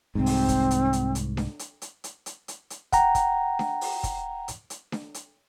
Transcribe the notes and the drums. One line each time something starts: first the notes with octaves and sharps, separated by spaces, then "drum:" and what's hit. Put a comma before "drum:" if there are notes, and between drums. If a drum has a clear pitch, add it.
C2 G#2 C4
drum: open hi-hat
drum: kick, hi-hat
drum: hi-hat
drum: hi-hat
drum: hi-hat
drum: snare D4
drum: hi-hat
drum: hi-hat
drum: hi-hat
drum: hi-hat
drum: hi-hat
drum: hi-hat
F#5 G5 A#5, drum: kick, hi-hat
drum: kick, hi-hat
drum: snare D4
drum: open hi-hat
drum: kick, hi-hat
drum: hi-hat
drum: hi-hat
drum: snare D4
drum: hi-hat